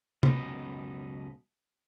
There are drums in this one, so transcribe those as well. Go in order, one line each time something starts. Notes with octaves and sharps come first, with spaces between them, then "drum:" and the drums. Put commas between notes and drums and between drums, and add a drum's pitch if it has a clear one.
C#2 F#2 B2 B3 D#4, drum: tom